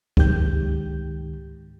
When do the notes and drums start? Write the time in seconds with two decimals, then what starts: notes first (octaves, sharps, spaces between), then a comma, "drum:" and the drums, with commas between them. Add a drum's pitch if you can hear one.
0.17 C#2 G#2 D#3 G4 G6, drum: kick D2